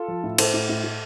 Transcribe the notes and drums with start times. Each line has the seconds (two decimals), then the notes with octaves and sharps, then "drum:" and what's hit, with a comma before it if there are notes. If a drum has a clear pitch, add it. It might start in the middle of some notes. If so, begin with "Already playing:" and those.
Already playing: F4 A4
0.08 F3
0.24 A2
0.38 A2 A4 C5, drum: cymbal
0.54 A2
0.69 A2
0.84 A2